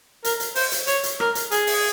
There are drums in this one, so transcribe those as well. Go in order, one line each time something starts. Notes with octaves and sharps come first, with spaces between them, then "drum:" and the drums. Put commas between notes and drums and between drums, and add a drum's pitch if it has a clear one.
A#4, drum: hi-hat
drum: hi-hat
C5, drum: open hi-hat
drum: hi-hat
C#5, drum: hi-hat
drum: hi-hat
A#4, drum: rim click
drum: hi-hat
G#4, drum: hi-hat
drum: open hi-hat